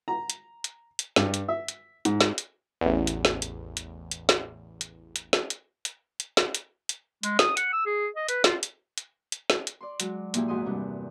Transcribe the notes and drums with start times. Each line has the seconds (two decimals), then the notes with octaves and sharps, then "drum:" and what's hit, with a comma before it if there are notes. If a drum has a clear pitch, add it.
0.08 A#5
0.30 drum: hi-hat
0.64 drum: hi-hat
0.99 drum: hi-hat
1.16 G2, drum: snare
1.34 drum: hi-hat
1.48 E5
1.68 drum: hi-hat
2.05 G#2, drum: hi-hat
2.21 drum: snare
2.38 drum: hi-hat
2.81 A1 E2
3.07 drum: hi-hat
3.25 drum: snare
3.42 drum: hi-hat
3.77 drum: hi-hat
4.11 drum: hi-hat
4.29 drum: snare
4.81 drum: hi-hat
5.16 drum: hi-hat
5.33 drum: snare
5.50 drum: hi-hat
5.85 drum: hi-hat
6.20 drum: hi-hat
6.37 drum: snare
6.55 drum: hi-hat
6.89 drum: hi-hat
7.23 G#3, drum: hi-hat
7.39 D#6, drum: snare
7.57 F#5, drum: hi-hat
7.73 E6
7.86 G#4
8.16 D#5
8.29 B4, drum: hi-hat
8.44 F4, drum: snare
8.63 drum: hi-hat
8.98 drum: hi-hat
9.32 drum: hi-hat
9.50 drum: snare
9.67 drum: hi-hat
9.81 D5 C6
10.00 F#3 G#3, drum: hi-hat
10.34 A#2 F3 A#3 E4 G4 G#4, drum: hi-hat
10.48 E2 G#2 F#4 D#5 C6 D#6
10.65 G2 C3 D4